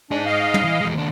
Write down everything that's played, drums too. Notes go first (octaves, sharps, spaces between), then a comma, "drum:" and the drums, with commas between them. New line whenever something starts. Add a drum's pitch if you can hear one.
D4 D#4 G#4
D#5 F5
drum: tom
E3
E2 G#3
D#2 D4